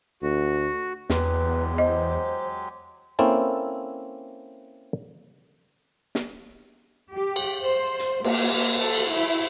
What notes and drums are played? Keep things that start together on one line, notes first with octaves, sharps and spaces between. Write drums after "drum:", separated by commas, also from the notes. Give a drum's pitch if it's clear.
D2 F#4
E2 F#3 G#3 G4 B4, drum: snare
C5 D#5
A#3 C4 C#4 E4 A4
drum: snare
G4
drum: cymbal
C5
drum: hi-hat
A#3, drum: cymbal
A4
drum: cymbal
E4